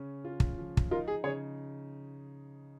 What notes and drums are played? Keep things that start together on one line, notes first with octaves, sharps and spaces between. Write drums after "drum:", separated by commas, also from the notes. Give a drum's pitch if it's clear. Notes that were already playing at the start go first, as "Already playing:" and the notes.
Already playing: C#3 C#4
F4
drum: kick
F3
drum: kick
D#4 F4 A#4
G#4
C#3 G#4 C#5